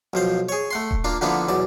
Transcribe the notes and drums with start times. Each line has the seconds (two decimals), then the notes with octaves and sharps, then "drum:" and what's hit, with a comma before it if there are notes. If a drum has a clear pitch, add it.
0.13 B1 F3 C5
0.49 G#4 C#5
0.71 A3 F#5 C6
0.91 drum: kick D#1
1.04 A#3 D4 F4
1.21 D3 F3 A#3 B3 D4 E4
1.49 B1 E2 D5